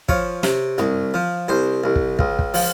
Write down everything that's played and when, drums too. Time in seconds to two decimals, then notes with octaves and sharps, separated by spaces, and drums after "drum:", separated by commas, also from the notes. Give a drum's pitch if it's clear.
0.09 F3 C#5, drum: kick
0.43 C3, drum: snare
0.78 C2, drum: tom
1.14 F3
1.48 C2 C5
1.84 C2
1.96 drum: kick
2.19 C#2, drum: kick
2.39 drum: kick
2.54 F3, drum: open hi-hat